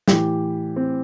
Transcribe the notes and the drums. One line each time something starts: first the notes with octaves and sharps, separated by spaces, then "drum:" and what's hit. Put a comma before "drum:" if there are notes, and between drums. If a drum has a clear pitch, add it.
A2 E3 G4, drum: snare
C4